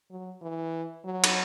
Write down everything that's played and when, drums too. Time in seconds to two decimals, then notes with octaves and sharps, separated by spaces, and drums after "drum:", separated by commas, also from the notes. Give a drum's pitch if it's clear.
0.11 F#3
0.42 E3
1.04 F#3
1.24 drum: cymbal